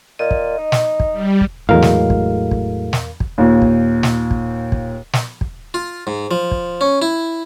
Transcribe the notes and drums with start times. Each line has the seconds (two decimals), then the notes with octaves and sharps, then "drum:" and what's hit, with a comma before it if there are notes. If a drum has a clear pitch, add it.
0.19 A#2 D#5
0.31 drum: kick
0.58 D#4
0.72 drum: snare
1.00 drum: kick
1.12 G3
1.41 drum: kick
1.69 E2 A2 F#3 G#3 A#4 F5
1.82 drum: snare
2.10 drum: kick
2.51 drum: kick
2.93 drum: snare
3.20 drum: kick
3.38 D#2 A#2
3.62 drum: kick
4.03 drum: snare
4.31 drum: kick
4.72 drum: kick
5.13 drum: snare
5.41 drum: kick
5.74 F4
6.07 G#2
6.31 F3
6.51 drum: kick
6.81 C#4
7.02 E4